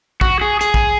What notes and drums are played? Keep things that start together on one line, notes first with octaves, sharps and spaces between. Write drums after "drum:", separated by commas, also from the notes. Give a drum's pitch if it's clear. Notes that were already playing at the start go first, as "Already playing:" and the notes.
F#4, drum: kick
G#4
G#4, drum: hi-hat
drum: kick